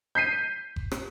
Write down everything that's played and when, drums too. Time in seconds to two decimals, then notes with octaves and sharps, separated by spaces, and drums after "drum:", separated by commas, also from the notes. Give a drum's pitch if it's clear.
0.15 G6 B6 C7 D#7
0.76 drum: kick F#1
0.92 drum: rim click